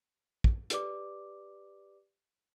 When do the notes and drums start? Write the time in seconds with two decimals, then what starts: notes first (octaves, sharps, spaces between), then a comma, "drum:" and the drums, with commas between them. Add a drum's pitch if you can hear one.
0.44 drum: kick
0.70 G4 B4 D5 D6, drum: hi-hat